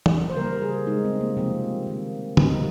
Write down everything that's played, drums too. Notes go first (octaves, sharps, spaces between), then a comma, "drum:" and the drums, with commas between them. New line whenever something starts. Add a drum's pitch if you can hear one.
drum: tom
C5
C#3 G3 A#3 A#4
G#4
C#3 G#3 D#4
C4
A#3
C3 F3 A#3 C4
D#3 A#3
A#2 G3 A#3 D#4, drum: tom